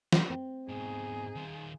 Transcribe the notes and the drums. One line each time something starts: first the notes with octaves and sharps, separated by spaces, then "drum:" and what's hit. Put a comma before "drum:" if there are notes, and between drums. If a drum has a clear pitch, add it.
drum: snare
C4
G#2 B2 D#4 G#4
D#3 F4